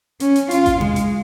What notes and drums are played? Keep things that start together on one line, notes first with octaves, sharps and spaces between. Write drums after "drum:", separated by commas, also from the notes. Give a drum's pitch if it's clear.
C#4, drum: hi-hat
drum: hi-hat
F4, drum: hi-hat
drum: kick A1, hi-hat
G#3, drum: tom B2
drum: hi-hat